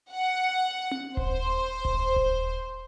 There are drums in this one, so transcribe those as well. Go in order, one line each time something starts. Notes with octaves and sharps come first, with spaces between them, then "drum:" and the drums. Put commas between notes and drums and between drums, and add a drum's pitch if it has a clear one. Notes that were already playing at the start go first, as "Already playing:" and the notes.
F#5
drum: tom C4
C5, drum: kick D#1
drum: kick D#1
drum: kick D#1